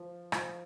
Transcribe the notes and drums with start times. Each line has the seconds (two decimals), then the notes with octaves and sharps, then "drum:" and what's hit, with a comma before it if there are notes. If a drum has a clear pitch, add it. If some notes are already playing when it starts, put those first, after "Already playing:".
Already playing: F3
0.32 F3, drum: rim click